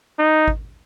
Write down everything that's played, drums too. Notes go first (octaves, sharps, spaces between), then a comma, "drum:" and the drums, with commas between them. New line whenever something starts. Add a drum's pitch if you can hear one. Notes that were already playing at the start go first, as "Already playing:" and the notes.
D#4
drum: kick G#1